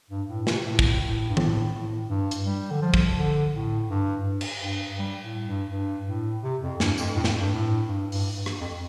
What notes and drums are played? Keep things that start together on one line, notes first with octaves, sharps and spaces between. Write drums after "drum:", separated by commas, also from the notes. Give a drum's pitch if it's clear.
G2
A2
C3, drum: snare
A2
drum: kick
A2
G2
A2, drum: tom D#3
A2
G2
drum: hi-hat
G3
D3
F3
drum: kick
D3
A2
G2
drum: cymbal
G2
G3
A2
G2
G2
A2
C3
F2
G2, drum: snare
F2, drum: tambourine
A2
G2, drum: snare
F2
G2
A2
G2
G2, drum: open hi-hat
drum: rim click
F2